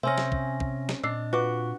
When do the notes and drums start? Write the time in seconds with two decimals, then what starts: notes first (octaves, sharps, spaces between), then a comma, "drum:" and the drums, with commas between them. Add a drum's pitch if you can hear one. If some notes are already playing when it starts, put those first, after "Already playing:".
0.03 C3 C4 C#4 E5 G#5 A#6
0.18 drum: snare
0.32 drum: kick
0.60 drum: kick
0.89 drum: snare
1.04 A#2 D4 D#5 E6 C7
1.33 F4 F#4 B4 C#6 D6